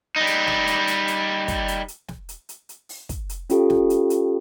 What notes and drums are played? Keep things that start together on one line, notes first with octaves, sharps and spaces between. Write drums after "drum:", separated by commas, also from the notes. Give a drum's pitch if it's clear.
G3 D#4
drum: hi-hat
drum: snare
drum: hi-hat
drum: hi-hat
drum: hi-hat
drum: kick, hi-hat
drum: hi-hat
drum: hi-hat
drum: snare
drum: hi-hat
drum: hi-hat
drum: hi-hat
drum: open hi-hat
drum: kick, hi-hat
drum: hi-hat
C#4 F4 G4 A4, drum: hi-hat
drum: snare
drum: hi-hat
drum: hi-hat